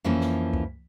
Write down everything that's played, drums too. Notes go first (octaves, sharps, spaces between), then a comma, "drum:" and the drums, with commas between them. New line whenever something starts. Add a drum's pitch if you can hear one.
F2 E3 F3 A#3 C#4
drum: snare
drum: kick C#2